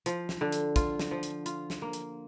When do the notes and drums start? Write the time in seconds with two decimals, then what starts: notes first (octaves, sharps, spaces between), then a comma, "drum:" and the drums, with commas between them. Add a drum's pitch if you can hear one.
0.06 F3, drum: hi-hat
0.29 drum: snare
0.41 D3
0.52 drum: hi-hat
0.76 F4, drum: kick, hi-hat
0.99 drum: snare
1.11 F3
1.23 drum: hi-hat
1.46 F4, drum: hi-hat
1.70 drum: snare
1.82 A#3
1.93 drum: hi-hat